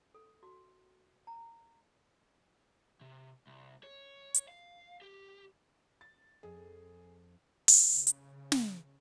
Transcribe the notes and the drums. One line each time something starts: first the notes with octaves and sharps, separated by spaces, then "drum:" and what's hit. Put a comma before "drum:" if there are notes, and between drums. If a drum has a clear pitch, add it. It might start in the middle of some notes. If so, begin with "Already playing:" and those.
A4
F#4
A#5
C3
C2
C#5
drum: hi-hat
F5
G4
A6
F2 G#4
drum: open hi-hat
C#3
drum: hi-hat
drum: snare